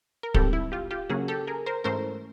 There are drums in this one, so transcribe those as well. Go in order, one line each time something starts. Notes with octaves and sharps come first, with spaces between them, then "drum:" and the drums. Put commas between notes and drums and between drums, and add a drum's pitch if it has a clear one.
A#4
G#2 D#3 G3 C4 G4 A4, drum: kick
E4
F4 G4
F4 G4
C#3 F#3 A#3 C#4 F#4 G#4
G4 A4
G#4 A#4
A#4 C5
G#2 E3 A3 C#4 A#4 C5